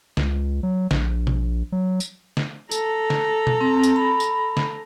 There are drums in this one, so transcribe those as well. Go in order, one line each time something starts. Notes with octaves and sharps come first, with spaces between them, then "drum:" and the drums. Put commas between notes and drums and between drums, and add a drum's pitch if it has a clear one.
C#2, drum: snare
F#3
A#1, drum: snare
drum: tom B2
F#3
drum: tambourine
drum: snare
A4 A#5, drum: tambourine
drum: snare
drum: tom B2
C4
drum: tambourine
B5
drum: tambourine
drum: snare